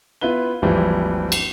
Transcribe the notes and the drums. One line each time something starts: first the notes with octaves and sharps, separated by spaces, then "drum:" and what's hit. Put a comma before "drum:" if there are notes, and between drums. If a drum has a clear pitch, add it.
B3 E4 F4 B4 G7
G#1 D#2 E3 F3 G3
drum: cymbal